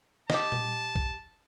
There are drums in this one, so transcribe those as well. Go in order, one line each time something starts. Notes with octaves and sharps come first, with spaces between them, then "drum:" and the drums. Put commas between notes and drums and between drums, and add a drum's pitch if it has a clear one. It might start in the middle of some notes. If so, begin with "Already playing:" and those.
G4 D#5 A5, drum: snare
drum: tom A#2
drum: kick